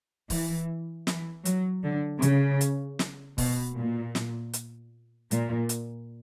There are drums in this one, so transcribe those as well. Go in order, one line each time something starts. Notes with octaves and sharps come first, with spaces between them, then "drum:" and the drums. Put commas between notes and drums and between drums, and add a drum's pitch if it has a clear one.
E3, drum: kick C#1, open hi-hat
E3, drum: snare
F#3, drum: hi-hat
D3
C#3, drum: hi-hat
drum: hi-hat
drum: snare
B2, drum: kick C#1, open hi-hat
A#2
drum: snare
drum: hi-hat
A#2, drum: hi-hat
drum: hi-hat